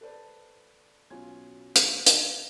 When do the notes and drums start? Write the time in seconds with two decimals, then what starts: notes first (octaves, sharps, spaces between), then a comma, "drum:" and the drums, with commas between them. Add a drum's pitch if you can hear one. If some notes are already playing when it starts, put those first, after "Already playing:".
0.01 A4 B4 C5 D5 A5
1.10 B1 B2 C#4 F4 G#5 G#6
1.76 drum: hi-hat
2.06 drum: hi-hat